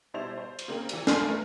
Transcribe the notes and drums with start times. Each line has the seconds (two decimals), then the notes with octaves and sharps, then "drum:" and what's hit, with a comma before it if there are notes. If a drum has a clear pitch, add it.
0.14 B2 G3 E4 C5 A6 F7
0.38 C5
0.59 drum: cymbal
0.68 C#3 A#3 C4 G5 F#7
0.89 E3 G3, drum: cymbal
1.07 G#5 B5 C6 F6 C7, drum: snare
1.28 A3 A#4 B4